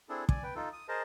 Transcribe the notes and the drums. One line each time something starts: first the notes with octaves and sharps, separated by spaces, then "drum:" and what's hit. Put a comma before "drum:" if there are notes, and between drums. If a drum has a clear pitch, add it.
C4 D4 E4 G#4 A4
D5 G#5, drum: kick
B4 G5
D#4 F4 A4
D#6
G#4 A#4 C5 D#5 A5